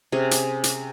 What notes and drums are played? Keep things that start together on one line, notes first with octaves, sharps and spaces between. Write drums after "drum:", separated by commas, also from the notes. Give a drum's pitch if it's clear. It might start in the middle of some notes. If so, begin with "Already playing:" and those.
C3 C#4 G#4
drum: hi-hat
drum: hi-hat